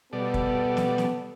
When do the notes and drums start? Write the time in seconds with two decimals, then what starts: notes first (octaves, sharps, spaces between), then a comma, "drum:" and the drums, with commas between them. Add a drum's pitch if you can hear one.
0.13 B2 G3 B3 A4 D5
0.34 drum: kick
0.77 drum: snare
0.98 drum: snare